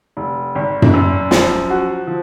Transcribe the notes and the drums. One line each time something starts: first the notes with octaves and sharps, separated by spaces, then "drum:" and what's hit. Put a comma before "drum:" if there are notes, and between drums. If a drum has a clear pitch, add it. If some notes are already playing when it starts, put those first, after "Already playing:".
F1
G#1
drum: tom F#2
F#2
F3, drum: snare
F#4
F3